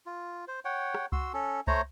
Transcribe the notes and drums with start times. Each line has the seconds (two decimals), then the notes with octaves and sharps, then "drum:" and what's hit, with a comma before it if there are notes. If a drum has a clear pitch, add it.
0.06 F4
0.48 C5
0.65 C#5 F#5 G5
0.94 drum: rim click
1.12 F#4 C6 E6, drum: kick C#2
1.34 C#4 A4
1.67 A3 C5 C#5 A#5, drum: kick C#2